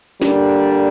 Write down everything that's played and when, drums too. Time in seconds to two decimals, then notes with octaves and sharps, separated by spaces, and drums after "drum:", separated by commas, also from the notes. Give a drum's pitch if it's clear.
0.22 D3 G3 A#3 D4 D5, drum: snare